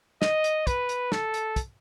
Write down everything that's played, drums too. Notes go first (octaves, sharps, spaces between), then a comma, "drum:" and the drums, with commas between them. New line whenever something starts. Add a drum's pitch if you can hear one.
D#5, drum: snare
drum: hi-hat
B4, drum: kick, hi-hat
drum: hi-hat
A4, drum: snare
drum: hi-hat
drum: kick, hi-hat